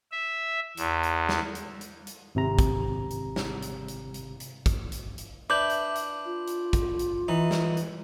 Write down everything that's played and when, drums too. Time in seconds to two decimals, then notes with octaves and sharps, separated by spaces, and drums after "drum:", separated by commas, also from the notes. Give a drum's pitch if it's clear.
0.11 E5
0.77 E2, drum: hi-hat
1.03 drum: hi-hat
1.29 drum: snare
1.55 drum: hi-hat
1.81 drum: hi-hat
2.07 drum: hi-hat
2.35 G#1 C3 A#5
2.59 drum: kick, hi-hat
3.10 drum: hi-hat
3.36 drum: snare
3.62 drum: hi-hat
3.88 drum: hi-hat
4.14 drum: hi-hat
4.40 drum: hi-hat
4.66 drum: kick, hi-hat
4.92 drum: hi-hat
5.18 drum: hi-hat
5.50 D4 B4 E5 D6 G6
5.69 drum: hi-hat
5.95 drum: hi-hat
6.26 F4
6.47 drum: hi-hat
6.73 drum: kick, hi-hat
6.99 drum: hi-hat
7.28 E3 D#4
7.51 drum: snare
7.77 drum: hi-hat